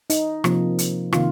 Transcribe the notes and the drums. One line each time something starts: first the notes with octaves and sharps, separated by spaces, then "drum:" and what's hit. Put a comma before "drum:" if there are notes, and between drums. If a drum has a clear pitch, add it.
D#4, drum: hi-hat
C3 F3 A#3, drum: rim click
drum: hi-hat
C3 D#3 A#3 F4, drum: rim click